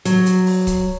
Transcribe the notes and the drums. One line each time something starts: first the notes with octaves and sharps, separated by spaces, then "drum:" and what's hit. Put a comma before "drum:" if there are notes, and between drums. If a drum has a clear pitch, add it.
F#3, drum: hi-hat
drum: hi-hat
drum: open hi-hat
drum: kick C#1, hi-hat